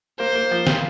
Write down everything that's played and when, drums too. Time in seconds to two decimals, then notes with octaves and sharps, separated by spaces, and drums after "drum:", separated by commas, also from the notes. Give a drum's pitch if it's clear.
0.19 A#3 C5
0.35 A#3
0.51 F3
0.67 F4, drum: snare